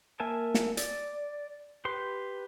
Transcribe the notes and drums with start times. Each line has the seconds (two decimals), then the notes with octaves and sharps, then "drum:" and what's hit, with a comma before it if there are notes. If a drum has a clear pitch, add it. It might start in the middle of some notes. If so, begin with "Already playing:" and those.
0.20 A#3 A#4 E5 G#5 A5
0.54 drum: snare
0.77 D5, drum: hi-hat
1.85 G4 B4 C6